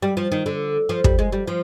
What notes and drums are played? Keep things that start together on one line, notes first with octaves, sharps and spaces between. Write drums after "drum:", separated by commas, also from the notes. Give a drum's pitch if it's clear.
G3
F3
D#3
D3
F3
G3, drum: kick
G#3
G3
F3